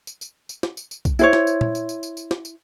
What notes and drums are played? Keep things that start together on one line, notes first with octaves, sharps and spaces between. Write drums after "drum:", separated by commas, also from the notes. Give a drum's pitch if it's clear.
drum: tambourine
drum: tambourine
drum: tambourine
drum: snare
drum: tambourine
drum: tambourine
drum: kick B1, tambourine
E4 C5 C#5, drum: tambourine
drum: snare
drum: tambourine
drum: tom
drum: tambourine
drum: tambourine
drum: tambourine
drum: tambourine
drum: snare
drum: tambourine